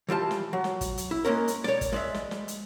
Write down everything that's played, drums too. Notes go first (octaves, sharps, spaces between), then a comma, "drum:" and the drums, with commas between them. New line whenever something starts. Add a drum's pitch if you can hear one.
E3 G3 F4 A5
drum: snare
F#3
drum: snare
drum: kick, hi-hat
drum: hi-hat
E4
G#3 A#3 C#4 A#4
drum: hi-hat
C#5 D5, drum: snare
drum: kick, hi-hat
G#3 D5 E5
drum: snare
drum: snare
drum: hi-hat